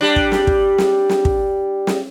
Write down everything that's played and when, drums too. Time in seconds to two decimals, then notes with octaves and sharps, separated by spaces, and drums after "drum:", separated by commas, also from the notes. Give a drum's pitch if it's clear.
0.01 G3 D4
0.16 drum: kick
0.32 drum: snare
0.47 drum: kick
0.78 drum: snare
1.09 drum: snare
1.25 drum: kick
1.87 drum: snare